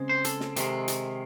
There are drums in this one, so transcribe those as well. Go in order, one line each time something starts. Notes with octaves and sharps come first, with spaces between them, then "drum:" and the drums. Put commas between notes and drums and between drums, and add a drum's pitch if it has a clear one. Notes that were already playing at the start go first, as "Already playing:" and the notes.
Already playing: C#3 G#3 C4
C5
A4, drum: hi-hat
drum: snare
C3 D#3 G#3, drum: hi-hat
drum: hi-hat